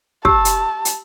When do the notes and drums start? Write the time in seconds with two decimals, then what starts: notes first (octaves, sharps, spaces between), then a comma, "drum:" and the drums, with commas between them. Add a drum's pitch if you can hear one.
0.25 G4 A5 E6, drum: kick
0.45 drum: hi-hat
0.85 drum: hi-hat